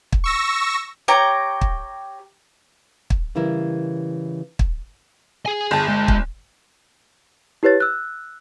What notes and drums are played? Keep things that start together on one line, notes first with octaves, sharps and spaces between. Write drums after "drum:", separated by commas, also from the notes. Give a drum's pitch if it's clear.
drum: kick
C#6 E6 A#6
G4 C#5 G5 A#5
drum: kick
drum: kick
C#3 E3 G3 E4 A#4
drum: kick
G#4 G#5
G1 A5
G#3
drum: kick
E4 G4 B4 C#5 A6
E6 F#6